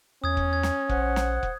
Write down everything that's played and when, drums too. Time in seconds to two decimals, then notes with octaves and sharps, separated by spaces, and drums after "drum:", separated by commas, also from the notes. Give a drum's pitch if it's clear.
0.24 E2 C#4 D#6 G#6
0.37 drum: kick
0.53 G#6
0.63 drum: snare
0.89 A#1 C5 F#5, drum: kick
1.16 drum: snare
1.43 drum: kick